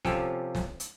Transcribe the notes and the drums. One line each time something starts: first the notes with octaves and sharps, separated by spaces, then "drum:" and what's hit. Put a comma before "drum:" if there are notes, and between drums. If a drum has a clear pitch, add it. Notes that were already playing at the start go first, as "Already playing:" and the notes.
C3 F3 C#4 F4 G4 A4, drum: snare
drum: snare
drum: hi-hat